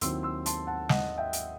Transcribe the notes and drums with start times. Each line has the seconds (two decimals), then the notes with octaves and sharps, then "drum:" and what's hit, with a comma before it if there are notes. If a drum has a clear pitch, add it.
0.01 D#2 D#3 F#3 C4 E4 C6 E6, drum: hi-hat
0.23 C6 E6
0.46 A5 C6, drum: hi-hat
0.67 F#5 A5
0.89 D#5 F#5, drum: snare
1.18 E5 G5
1.33 drum: hi-hat